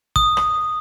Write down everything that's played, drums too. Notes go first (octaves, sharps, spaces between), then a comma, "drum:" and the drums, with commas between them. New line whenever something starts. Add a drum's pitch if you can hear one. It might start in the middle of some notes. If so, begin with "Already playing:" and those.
D#6, drum: kick
drum: rim click